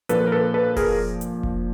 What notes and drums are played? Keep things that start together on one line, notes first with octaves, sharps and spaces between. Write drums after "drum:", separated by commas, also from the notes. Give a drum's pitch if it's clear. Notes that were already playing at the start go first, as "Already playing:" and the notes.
A#2 F3 A#3 D4 A4 B4, drum: hi-hat
A#4
A4 B4
A4 B4
G#4 A#4, drum: kick F1, open hi-hat
drum: hi-hat
drum: kick F1